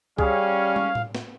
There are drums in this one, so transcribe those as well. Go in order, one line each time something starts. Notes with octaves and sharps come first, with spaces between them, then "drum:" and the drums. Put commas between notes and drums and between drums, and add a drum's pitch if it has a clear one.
G3 C#4 G#4 F5, drum: kick C2
drum: tom
drum: tom A2
drum: snare